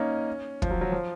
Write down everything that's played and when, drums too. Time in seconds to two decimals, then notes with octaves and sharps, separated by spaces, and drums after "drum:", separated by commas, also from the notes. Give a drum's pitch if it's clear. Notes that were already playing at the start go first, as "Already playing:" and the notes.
Already playing: A#3 C#4 D#4
0.62 F3, drum: kick
0.71 F#3
0.81 F#3
0.92 F3